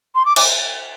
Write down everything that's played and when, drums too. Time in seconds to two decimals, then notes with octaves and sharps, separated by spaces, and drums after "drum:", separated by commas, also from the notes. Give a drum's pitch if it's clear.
0.15 C6
0.25 D6
0.36 D6, drum: cymbal